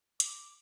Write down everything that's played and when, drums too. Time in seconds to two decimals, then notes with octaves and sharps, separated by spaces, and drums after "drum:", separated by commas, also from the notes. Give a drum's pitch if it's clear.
0.20 D6, drum: hi-hat